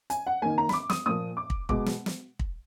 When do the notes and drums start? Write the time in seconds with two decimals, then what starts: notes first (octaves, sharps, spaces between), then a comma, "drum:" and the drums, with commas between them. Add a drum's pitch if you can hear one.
0.10 G#5, drum: hi-hat
0.27 F#5
0.42 D#3 A#3 G#5
0.58 A#5
0.69 B5, drum: snare
0.73 D6
0.90 D#6, drum: snare
1.06 A#2 F3 A#3 D#6
1.37 D6
1.50 drum: kick
1.69 B2 G#3 D6, drum: kick
1.86 drum: snare
2.06 drum: snare
2.39 drum: kick